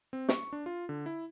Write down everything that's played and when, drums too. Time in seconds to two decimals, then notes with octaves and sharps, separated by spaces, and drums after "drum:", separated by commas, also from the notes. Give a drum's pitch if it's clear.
0.13 C4
0.29 C#6, drum: snare
0.53 D4
0.66 F4
0.89 D3
1.06 E4